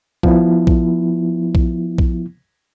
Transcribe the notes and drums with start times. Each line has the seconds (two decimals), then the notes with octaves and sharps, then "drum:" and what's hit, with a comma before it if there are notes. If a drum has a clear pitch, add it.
0.23 F3 B3 E4, drum: kick A#1
0.67 drum: kick A#1
1.55 drum: kick A#1
1.98 drum: kick A#1